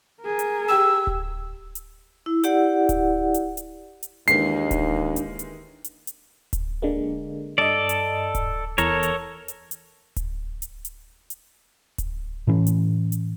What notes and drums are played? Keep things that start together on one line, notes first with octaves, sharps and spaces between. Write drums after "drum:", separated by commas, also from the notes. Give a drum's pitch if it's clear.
G#4 A#4
drum: hi-hat
G4 G5 E6 E7
drum: kick D1
drum: hi-hat
E4
E4 G4 D5 F#5, drum: hi-hat
drum: kick D1, hi-hat
drum: hi-hat
drum: hi-hat
drum: hi-hat
D#2 D#3 E3 G#3 D4 C7, drum: hi-hat
drum: kick D1, hi-hat
drum: hi-hat
drum: hi-hat
drum: hi-hat
drum: hi-hat
drum: kick D1, hi-hat
D3 G#3 A#3
G2 A4 D5 D#5
drum: hi-hat
drum: kick D1, hi-hat
E2 A4 A#4 C#5 A#5, drum: hi-hat
drum: hi-hat
drum: hi-hat
drum: hi-hat
drum: kick D1, hi-hat
drum: hi-hat
drum: hi-hat
drum: hi-hat
drum: kick D1, hi-hat
A2 E3 C#4
drum: hi-hat
drum: hi-hat